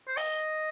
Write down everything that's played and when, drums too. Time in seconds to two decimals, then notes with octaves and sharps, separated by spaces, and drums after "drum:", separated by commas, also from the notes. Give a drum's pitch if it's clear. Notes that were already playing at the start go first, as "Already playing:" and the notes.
0.08 C5
0.17 D#5, drum: open hi-hat